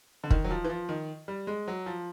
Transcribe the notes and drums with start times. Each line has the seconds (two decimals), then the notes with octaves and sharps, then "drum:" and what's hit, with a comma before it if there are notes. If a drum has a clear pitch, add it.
0.24 D3
0.30 D#3, drum: kick
0.44 F#3
0.51 F3
0.64 E3
0.69 F3
0.89 D#3
1.28 G3
1.47 G#3
1.68 F#3
1.86 F3